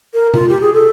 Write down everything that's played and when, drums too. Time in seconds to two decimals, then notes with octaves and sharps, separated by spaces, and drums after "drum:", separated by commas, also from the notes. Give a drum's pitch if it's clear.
0.14 A#4
0.34 F4, drum: tom C3
0.49 G4
0.61 G#4
0.73 A4